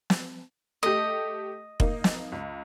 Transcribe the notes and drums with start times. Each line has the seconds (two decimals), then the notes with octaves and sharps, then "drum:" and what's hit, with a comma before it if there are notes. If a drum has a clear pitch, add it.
0.10 drum: snare
0.83 A3 G4 D#5
1.80 A#3 D#4, drum: kick F1
2.04 drum: snare
2.32 C#2